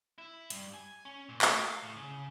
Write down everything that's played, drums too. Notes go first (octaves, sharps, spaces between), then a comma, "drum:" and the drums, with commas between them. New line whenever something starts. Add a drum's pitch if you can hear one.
E4
G2, drum: hi-hat
G#5
C#4
A#2
A3, drum: clap
F5
A2
C#3